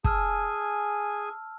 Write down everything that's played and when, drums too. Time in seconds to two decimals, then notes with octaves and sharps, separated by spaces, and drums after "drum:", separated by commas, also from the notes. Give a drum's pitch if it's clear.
0.04 G#4 G#5 A5 E6 F6, drum: kick